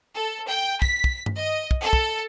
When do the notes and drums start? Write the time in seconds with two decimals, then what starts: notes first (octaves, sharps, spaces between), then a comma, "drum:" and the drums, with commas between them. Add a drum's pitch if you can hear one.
0.16 A4
0.48 G5
0.82 B6, drum: kick
1.04 drum: kick
1.26 drum: tom G2
1.36 D#5
1.71 drum: kick
1.82 A4
1.93 drum: kick